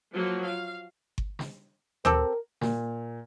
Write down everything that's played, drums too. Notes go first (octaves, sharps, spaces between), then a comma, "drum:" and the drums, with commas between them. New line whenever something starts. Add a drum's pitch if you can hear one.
F3 F#3 A#3
F5
drum: kick G1
drum: snare
C4 G4 A4 A#4, drum: tom D2
A#2, drum: snare